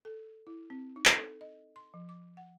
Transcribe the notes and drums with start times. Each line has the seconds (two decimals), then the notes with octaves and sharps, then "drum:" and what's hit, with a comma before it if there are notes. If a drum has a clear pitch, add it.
0.05 A4
0.47 E4
0.70 C4
0.96 D#4
1.05 drum: clap
1.15 A4
1.41 D#5
1.76 C6
1.94 F3
2.09 D6
2.37 F#5